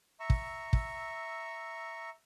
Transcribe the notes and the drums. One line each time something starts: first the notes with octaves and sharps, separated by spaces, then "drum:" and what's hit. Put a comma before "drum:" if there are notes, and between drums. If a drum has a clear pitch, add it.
E5 A#5 C#6 E6
drum: kick
drum: kick